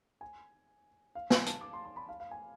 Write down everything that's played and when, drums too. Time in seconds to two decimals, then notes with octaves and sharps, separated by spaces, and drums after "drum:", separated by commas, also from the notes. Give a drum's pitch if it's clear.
0.21 G#5
1.15 F5
1.30 G#5, drum: snare
1.46 A5, drum: hi-hat
1.61 D6
1.73 C6
1.85 C6
1.96 B5
2.09 F5
2.20 F5
2.31 G#5